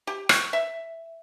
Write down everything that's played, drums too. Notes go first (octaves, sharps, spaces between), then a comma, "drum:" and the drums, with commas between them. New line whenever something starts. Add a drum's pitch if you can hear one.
G4
C#6, drum: rim click
E5